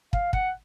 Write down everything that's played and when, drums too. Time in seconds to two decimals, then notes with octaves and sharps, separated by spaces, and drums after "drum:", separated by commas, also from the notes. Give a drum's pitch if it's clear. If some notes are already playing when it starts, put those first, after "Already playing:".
0.13 F5, drum: kick
0.33 F#5, drum: kick